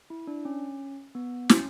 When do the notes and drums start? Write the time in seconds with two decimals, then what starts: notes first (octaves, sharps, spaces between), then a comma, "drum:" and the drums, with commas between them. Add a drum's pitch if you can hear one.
0.10 E4
0.27 D4
0.45 C#4
1.15 B3
1.49 C#4, drum: snare